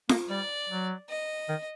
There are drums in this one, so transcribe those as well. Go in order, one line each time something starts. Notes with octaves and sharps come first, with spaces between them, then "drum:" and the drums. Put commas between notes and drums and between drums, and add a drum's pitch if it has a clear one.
A#3, drum: snare
G3 D5
F#3
D#5
D#3